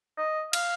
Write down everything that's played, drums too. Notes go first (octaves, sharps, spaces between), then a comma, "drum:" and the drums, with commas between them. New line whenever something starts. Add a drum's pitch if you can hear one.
D#5
F5, drum: cymbal